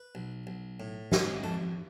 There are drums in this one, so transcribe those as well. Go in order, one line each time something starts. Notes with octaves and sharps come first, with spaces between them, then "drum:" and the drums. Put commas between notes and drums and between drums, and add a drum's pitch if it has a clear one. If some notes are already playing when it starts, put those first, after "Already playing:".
Already playing: B4
B1
B1
A2
G#3, drum: snare
F2 A4